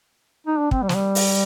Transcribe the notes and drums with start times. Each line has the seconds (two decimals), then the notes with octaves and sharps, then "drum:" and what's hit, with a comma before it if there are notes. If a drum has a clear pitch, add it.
0.47 D#4
0.59 D4
0.71 C4, drum: kick
0.83 G3
0.89 F3, drum: snare
0.95 G3
1.15 drum: open hi-hat